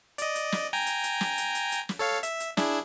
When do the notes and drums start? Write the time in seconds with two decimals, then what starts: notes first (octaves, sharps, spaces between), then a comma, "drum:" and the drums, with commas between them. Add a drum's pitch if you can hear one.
0.18 D5 D#5, drum: hi-hat
0.35 drum: hi-hat
0.52 drum: snare
0.73 G5 G#5 A#5
0.86 drum: hi-hat
1.04 drum: hi-hat
1.21 drum: snare
1.38 drum: hi-hat
1.55 drum: hi-hat
1.72 drum: hi-hat
1.89 drum: snare
1.99 A4 C#5 F5
2.23 E5, drum: hi-hat
2.40 drum: hi-hat
2.57 D4 E4 G#4, drum: snare